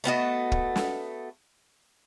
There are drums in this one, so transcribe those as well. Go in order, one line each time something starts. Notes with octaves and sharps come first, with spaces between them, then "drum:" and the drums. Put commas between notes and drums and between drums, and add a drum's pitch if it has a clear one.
A3 B3 F#4 D#5
drum: kick
drum: snare